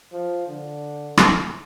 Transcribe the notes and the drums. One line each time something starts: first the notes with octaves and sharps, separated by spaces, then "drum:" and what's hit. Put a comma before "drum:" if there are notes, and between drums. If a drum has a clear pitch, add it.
F3
D3
drum: rim click